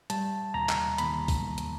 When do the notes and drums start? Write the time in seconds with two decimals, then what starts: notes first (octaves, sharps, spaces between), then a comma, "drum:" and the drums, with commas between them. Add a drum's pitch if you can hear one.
0.10 G3 A5, drum: hi-hat
0.54 D#2 A#5
0.69 drum: clap
0.98 D#2 B5, drum: hi-hat
1.28 drum: kick, open hi-hat
1.43 D#2
1.58 drum: hi-hat